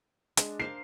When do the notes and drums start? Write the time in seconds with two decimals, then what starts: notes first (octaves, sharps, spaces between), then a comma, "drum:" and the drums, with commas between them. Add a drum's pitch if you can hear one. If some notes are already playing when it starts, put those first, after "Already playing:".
0.37 G#3 D4, drum: hi-hat
0.60 A#4 C5 F5 C7